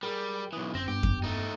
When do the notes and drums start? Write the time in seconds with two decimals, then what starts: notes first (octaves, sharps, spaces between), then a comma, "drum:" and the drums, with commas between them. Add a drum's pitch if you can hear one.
0.03 G3 G#4 A#4
0.53 B1 E3 B4 D#6
0.74 G1 F#2 C4 A#6
0.88 G2 B3 G4
1.03 drum: kick F2
1.24 A3 D#4